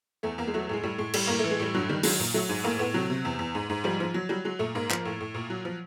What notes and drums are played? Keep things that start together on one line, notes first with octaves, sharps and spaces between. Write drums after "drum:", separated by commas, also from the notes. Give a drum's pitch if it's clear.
E2 A3
E2 A#3
G#3
F#3 A3
A2 G#3
A2 G3
A2 G#3
A2 G3, drum: cymbal
A2 A#3
A3
E3
G#3
A2 G3
G2 F#3
D#3 G3
F#3 G#3, drum: open hi-hat
A#2
F#3 A3
G#2
A2 A#3
A2 B3
C3 F#3
C3
E2
E2
G#2
G#2
F3 G3
F3
F#3
F#3 G3
F#3 G#3
A#2 A3
G#2 A#3
F3, drum: clap
A2
A2
A#2
F#3
F3